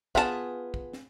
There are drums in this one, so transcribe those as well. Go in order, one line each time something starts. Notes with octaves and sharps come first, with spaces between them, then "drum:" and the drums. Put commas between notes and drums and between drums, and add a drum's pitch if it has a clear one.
B3 F4 G#4 A#4 A5, drum: kick
drum: kick
drum: snare